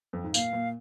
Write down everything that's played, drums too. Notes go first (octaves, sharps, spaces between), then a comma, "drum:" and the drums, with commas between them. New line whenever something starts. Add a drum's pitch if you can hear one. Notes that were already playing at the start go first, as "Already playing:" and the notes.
F2
G#2
A#2 F5, drum: tambourine
A#2